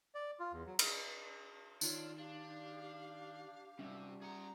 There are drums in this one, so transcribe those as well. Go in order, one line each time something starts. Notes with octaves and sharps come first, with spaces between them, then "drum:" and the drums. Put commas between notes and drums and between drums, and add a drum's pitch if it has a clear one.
D5
F4
E2
F#3
F6, drum: cymbal
D#3 D4 F4 C#5, drum: tambourine
D4 G4 F5
C3 G3 C#4 E5
G#4 F#5 A#5